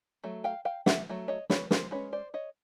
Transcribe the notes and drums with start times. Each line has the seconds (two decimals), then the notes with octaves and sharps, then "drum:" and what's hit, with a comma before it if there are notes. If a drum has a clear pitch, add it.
0.24 F#3 A3
0.44 F5 G5
0.65 F5 G5
0.86 E5 F#5, drum: snare
1.09 F#3 A3
1.28 C#5 D#5
1.50 B4 C#5, drum: snare
1.71 A#4 C5, drum: snare
1.91 G#3 C#4 B4 C#5
2.13 C5 D5
2.34 C#5 D#5